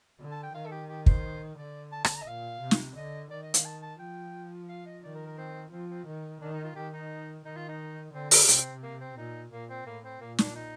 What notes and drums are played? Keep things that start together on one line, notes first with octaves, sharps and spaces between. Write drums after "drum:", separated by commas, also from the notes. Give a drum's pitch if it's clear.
D3
A5
G5
D#3 F5
A4
G4
G4
C5, drum: kick
D3 D5
A5
A5, drum: rim click
A#5
D#5
A#2 F5
C3
drum: snare
D3 D#5
D#3 D5
D#5
F5, drum: hi-hat
A5
A5
F3 G5
F5
D#5
D#3 D5
A#4
A#4
C4
F3 C4
C4
D#3
D#3 D4
D#4
F4
D#3 G4
D#4
D#3 D#4
F4
D#4
D3 C4
D4, drum: open hi-hat
C3 C4, drum: hi-hat
A#3
C4
A#2 D#4
A#2 A#3
C4
A2 A#3
C4
A#2 A#3
D4, drum: snare
D#4